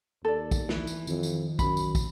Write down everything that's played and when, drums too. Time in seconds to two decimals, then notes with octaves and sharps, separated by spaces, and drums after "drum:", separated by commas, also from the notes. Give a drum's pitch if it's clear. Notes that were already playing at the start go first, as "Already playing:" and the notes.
0.25 D#2 A4 D5
0.51 drum: kick, tambourine
0.69 E3, drum: snare
0.87 drum: tambourine
1.07 F2 D#3, drum: tambourine
1.23 drum: tambourine
1.59 F#2 B5, drum: kick, tambourine
1.77 drum: tambourine
1.95 drum: kick, tambourine